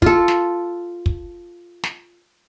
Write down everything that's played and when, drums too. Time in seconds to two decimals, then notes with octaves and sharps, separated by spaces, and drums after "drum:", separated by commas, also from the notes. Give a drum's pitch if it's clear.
0.02 F4 A4, drum: kick
0.28 drum: snare
1.06 drum: kick
1.83 drum: snare